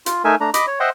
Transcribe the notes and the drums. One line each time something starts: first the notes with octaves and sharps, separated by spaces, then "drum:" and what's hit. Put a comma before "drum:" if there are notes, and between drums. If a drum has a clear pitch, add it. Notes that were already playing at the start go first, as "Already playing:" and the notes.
F4, drum: hi-hat
A3 D#4 A#4 E5 G#5
A3 D4 A#5
D#5 B5 D6, drum: hi-hat
C#5
C5 D#5 E5 F#5 G5 C6